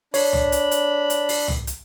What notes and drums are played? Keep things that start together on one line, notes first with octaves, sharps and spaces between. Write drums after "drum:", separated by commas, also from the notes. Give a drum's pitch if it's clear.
D4 C#5 B5, drum: open hi-hat
drum: tom C2
drum: hi-hat
drum: hi-hat
drum: hi-hat
drum: open hi-hat
drum: tom C2
drum: hi-hat